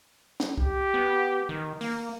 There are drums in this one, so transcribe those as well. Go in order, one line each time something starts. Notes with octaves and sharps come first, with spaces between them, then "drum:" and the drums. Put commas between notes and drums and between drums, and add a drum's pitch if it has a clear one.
drum: snare
G4, drum: kick C2
B3
D#3
A#3, drum: open hi-hat